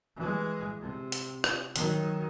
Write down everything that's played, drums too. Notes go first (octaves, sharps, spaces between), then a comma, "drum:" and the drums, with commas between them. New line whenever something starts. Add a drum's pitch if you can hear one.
E3 G#3
C3
drum: hi-hat
drum: rim click
D#3 F#3, drum: hi-hat